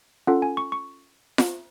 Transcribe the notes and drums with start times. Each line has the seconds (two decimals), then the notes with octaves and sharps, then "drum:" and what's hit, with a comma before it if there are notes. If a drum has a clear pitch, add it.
0.27 C#4 F4 A4 F#5
0.42 G#5
0.57 C#6
0.72 C#6
1.38 drum: snare F4